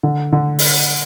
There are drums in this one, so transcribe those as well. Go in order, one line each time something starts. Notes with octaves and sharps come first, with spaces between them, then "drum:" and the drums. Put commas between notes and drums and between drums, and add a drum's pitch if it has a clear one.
D3
D3
drum: open hi-hat